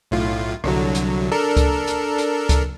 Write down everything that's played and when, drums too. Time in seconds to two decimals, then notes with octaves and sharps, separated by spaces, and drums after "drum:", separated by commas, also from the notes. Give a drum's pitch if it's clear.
0.11 B1 A2 F4
0.64 C2 D3 F#3, drum: rim click
0.95 drum: hi-hat
1.32 D4 A4 A#4
1.57 drum: kick C#2, hi-hat
1.87 drum: hi-hat
2.18 drum: hi-hat
2.49 drum: kick C#2, hi-hat